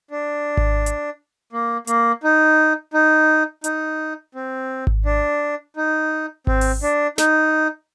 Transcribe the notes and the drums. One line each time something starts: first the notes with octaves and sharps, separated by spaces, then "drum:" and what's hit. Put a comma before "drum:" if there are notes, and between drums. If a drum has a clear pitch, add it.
D4
drum: kick G#1
drum: hi-hat
A#3
A#3, drum: hi-hat
D#4
D#4
D#4, drum: hi-hat
C4
drum: kick G#1
D4
D#4
C4, drum: kick G#1
drum: open hi-hat
D4
D#4, drum: snare